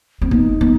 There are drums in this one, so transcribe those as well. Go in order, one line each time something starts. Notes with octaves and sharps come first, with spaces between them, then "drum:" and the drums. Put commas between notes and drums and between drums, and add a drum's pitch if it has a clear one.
C4
B3 D#4, drum: kick
B3